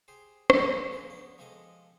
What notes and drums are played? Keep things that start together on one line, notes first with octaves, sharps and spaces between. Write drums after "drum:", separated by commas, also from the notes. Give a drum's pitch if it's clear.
G4 G#4 C5
F#3 G3, drum: rim click
F2 F3 G#4
B3 D5
F3 G#3 G4 A4 D#5